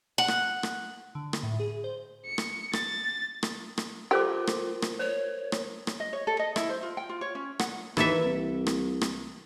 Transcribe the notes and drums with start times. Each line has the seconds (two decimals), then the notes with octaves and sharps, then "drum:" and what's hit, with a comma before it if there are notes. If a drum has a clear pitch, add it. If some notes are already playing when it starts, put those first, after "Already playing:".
0.18 F#5
0.28 drum: rim click
0.63 drum: rim click
1.15 D3
1.33 drum: rim click
1.43 A2
1.60 G#4
1.84 C5
2.26 C#7
2.38 drum: rim click
2.73 A6, drum: rim click
3.43 drum: rim click
3.78 drum: rim click
4.11 F4 G4 A4 A#4 C5 D6
4.47 drum: rim click
4.82 drum: rim click
4.99 C5 C#5
5.52 drum: rim click
5.87 drum: rim click
6.00 D#5
6.13 C#5
6.27 A4
6.39 D#5
6.56 E4, drum: rim click
6.69 C5
6.83 F4
6.97 G5
7.09 F4
7.21 C#5
7.35 C#4
7.59 F#5, drum: rim click
7.97 D#2 E3 A4 E5, drum: rim click
8.25 C2
8.67 drum: rim click
9.01 drum: rim click